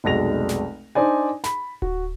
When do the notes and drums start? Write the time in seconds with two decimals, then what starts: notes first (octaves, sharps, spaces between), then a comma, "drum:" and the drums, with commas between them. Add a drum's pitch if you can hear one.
0.04 F1 B1 G#3 A#6 F7
0.49 drum: snare
0.95 D4 D#4 C5 D5 G#5
1.44 B5, drum: snare
1.82 F#4, drum: kick D1